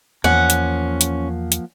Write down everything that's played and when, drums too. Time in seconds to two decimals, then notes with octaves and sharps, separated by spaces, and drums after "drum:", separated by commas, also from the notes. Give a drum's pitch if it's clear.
0.24 E2 F3 A#3 C#4 F#5
0.50 drum: hi-hat
1.01 drum: hi-hat
1.52 drum: hi-hat